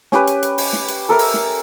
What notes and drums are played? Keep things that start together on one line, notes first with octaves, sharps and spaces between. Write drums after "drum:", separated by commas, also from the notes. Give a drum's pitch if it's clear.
C#4 G4 B4, drum: snare
drum: hi-hat
drum: hi-hat
drum: open hi-hat
drum: snare
drum: hi-hat
A4 A#4 E5
drum: open hi-hat
drum: snare